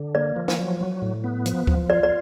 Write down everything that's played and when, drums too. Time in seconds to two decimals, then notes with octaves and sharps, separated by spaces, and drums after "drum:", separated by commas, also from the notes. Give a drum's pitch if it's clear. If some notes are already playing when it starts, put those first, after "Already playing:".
Already playing: D3
0.15 A#3 D5
0.36 F3
0.48 drum: snare
0.59 F#3
0.81 F#3
1.02 A2
1.24 B3
1.46 F3, drum: hi-hat
1.67 F3, drum: kick D2
1.90 F4 D5
2.03 D5